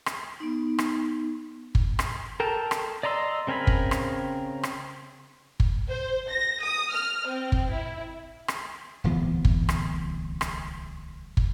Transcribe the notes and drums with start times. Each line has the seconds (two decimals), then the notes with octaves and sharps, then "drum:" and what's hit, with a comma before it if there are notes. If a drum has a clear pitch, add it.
0.06 drum: rim click
0.40 B3 D#4
0.79 drum: rim click
1.75 drum: kick
1.99 drum: rim click
2.40 A4 A#4 G5 A5
2.71 drum: rim click
3.03 D5 D#5 A#5 C6 E6
3.47 C#3 C4 A#4 G#5 B5
3.67 drum: kick
3.91 drum: rim click
4.63 drum: rim click
5.60 drum: kick
5.89 C5
6.31 A#6
6.64 D#6
6.94 F6
7.28 C4
7.52 drum: kick
7.72 E4
8.48 drum: rim click
9.04 D1 C2 E3 B3
9.45 drum: kick
9.69 drum: rim click
10.41 drum: rim click
11.37 drum: kick